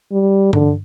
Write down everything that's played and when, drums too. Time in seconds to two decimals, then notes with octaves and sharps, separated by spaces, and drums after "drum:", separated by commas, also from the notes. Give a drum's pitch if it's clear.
0.12 G3
0.53 D3, drum: tom G2